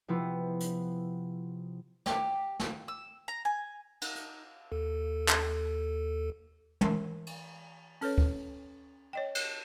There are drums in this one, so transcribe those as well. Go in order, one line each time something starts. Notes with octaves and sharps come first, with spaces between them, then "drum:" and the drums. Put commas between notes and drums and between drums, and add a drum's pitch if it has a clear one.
C3 F3 B3 E4
drum: hi-hat
G4, drum: snare
drum: snare
E6
A#5
G#5
D#4, drum: cymbal
drum: hi-hat
D#2 A4
drum: clap
E3 A#4 E5, drum: tom
drum: cymbal
C#4 A4 B4 C#5, drum: open hi-hat
drum: kick
C#5 D#5 G5
drum: cymbal